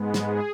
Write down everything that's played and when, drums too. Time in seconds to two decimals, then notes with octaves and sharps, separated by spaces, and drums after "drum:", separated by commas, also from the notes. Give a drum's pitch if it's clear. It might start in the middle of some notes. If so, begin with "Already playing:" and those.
Already playing: G#2 G#3 B3
0.14 drum: snare
0.24 G#4